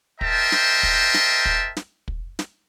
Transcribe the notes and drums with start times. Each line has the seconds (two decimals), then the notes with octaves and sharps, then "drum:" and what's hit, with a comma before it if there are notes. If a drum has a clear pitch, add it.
0.21 A#4 C5 D#5 E5 G5 A5, drum: kick
0.52 drum: snare
0.83 drum: kick
1.14 drum: snare
1.45 drum: kick
1.77 drum: snare
2.08 drum: kick
2.39 drum: snare